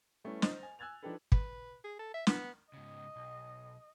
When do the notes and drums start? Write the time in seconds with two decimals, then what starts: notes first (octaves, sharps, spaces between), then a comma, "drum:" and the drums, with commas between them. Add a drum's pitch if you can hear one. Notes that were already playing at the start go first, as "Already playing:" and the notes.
0.24 G3 A3 B3 C#4 E4
0.42 C5 D#5 D#6 A6 F7, drum: snare
0.63 G#5
0.79 G#5 E6 F#6 G#6 A6 F7
1.03 F3 D4 D#4 G4 A4 B4
1.32 B4, drum: kick
1.84 G#4
1.99 A4
2.14 E5
2.27 B3, drum: snare
2.73 G#2 C#3 D#5
3.16 B1